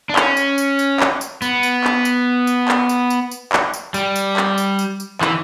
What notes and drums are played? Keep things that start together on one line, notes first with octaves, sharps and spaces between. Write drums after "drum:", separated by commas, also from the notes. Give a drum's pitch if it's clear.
D4
C#4, drum: clap
drum: tambourine
drum: tambourine
drum: tambourine
drum: clap
drum: tambourine
B3, drum: tambourine
drum: tambourine
drum: clap
drum: tambourine
drum: tambourine
drum: clap
drum: tambourine
drum: tambourine
drum: tambourine
drum: clap
drum: tambourine
G3, drum: tambourine
drum: tambourine
drum: clap
drum: tambourine
drum: tambourine
drum: tambourine
E3, drum: clap